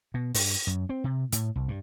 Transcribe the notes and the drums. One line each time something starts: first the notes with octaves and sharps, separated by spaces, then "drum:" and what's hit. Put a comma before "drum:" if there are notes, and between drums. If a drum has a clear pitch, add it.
B2
G2, drum: open hi-hat
F#2
C4
C3
A2, drum: hi-hat
C2
G2